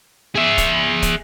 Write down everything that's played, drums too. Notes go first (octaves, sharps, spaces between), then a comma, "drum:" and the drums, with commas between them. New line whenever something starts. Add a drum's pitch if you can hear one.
G#4 E5
drum: kick, hi-hat
drum: kick, hi-hat